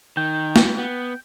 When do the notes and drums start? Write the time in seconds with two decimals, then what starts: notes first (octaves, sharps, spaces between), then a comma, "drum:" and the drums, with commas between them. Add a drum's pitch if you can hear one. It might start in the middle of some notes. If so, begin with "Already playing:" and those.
0.17 D#3 G5
0.56 drum: snare
0.78 B3